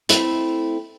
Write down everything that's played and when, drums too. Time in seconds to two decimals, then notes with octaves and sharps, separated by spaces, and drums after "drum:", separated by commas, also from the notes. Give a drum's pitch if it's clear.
0.09 A3 C4 E4, drum: hi-hat